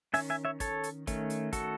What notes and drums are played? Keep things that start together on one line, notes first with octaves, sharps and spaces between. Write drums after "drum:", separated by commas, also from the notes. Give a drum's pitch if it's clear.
D#3 A3 C#4 E5 G#5, drum: open hi-hat
E5 G#5
C#5 E5
A4 C#5, drum: kick, hi-hat
drum: hi-hat
D#3 A3 C#4, drum: kick, hi-hat
drum: hi-hat
F#4 A4, drum: kick, hi-hat